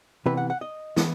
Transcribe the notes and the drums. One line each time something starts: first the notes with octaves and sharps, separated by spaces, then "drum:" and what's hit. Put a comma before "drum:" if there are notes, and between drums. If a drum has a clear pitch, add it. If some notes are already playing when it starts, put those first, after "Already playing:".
C3 E3 B3 B4
F#5
F#5
D#5
E3 B3, drum: snare